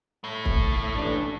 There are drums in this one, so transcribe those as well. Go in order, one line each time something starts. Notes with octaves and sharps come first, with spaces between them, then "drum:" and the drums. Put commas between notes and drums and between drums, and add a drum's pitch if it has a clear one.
A2 A3
drum: kick
A1 D4